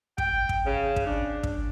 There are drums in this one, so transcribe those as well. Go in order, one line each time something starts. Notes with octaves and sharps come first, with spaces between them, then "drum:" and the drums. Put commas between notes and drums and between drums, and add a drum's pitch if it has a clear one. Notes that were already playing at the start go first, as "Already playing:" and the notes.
G5, drum: kick
drum: kick
C#3
drum: kick
D4
drum: kick